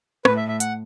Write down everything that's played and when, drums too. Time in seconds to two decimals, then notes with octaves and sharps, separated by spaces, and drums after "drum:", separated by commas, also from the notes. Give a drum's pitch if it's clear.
0.25 A2 B4, drum: rim click
0.37 E5
0.48 E5
0.60 F#5, drum: hi-hat